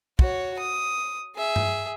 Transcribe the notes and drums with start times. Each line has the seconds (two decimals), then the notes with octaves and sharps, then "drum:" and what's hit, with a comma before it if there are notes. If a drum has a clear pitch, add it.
0.19 F#4 C#5, drum: kick
0.59 D#6
1.36 G#4 E5
1.56 drum: tom G2